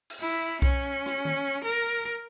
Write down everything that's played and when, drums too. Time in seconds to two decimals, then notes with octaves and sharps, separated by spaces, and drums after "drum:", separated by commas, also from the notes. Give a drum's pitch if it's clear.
0.10 drum: cymbal
0.20 E4
0.62 C#4, drum: kick B1
1.06 drum: rim click
1.25 drum: tom D#3
1.65 A#4